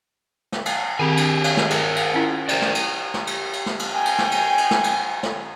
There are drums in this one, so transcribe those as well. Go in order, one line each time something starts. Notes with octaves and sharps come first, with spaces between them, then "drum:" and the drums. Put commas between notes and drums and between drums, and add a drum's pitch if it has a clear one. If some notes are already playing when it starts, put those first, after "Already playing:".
drum: snare
drum: cymbal
D#3 C4 G4 G#4 G#5 B5
D4, drum: cymbal
drum: cymbal
drum: snare
G#4 A#4, drum: cymbal
drum: cymbal
C#4 E4 F4
A#4 C5 D5, drum: cymbal
drum: snare
drum: cymbal
drum: snare
drum: cymbal
drum: cymbal
drum: snare
drum: cymbal
G5 G#5
drum: cymbal
drum: snare
drum: cymbal
drum: cymbal
drum: snare
drum: cymbal
drum: snare